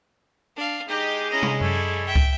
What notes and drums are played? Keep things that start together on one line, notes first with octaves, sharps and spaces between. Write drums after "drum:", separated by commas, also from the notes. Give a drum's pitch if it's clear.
D4 F5
G#3 D#4 G4 D#5
C#4 E4 D#5 A#5
drum: tom C3
F#2 G3 E4 A4 C#5
E5 G5
drum: kick